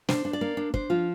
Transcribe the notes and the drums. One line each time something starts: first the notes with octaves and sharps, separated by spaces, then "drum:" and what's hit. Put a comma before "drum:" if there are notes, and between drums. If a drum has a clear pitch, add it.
D4 C5, drum: snare
D4
D5
A#3
D4
D4 C5, drum: kick
F3 F4